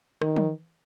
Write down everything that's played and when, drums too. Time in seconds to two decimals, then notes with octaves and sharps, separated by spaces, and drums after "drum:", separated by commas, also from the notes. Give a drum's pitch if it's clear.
0.22 D#3, drum: rim click
0.36 drum: tom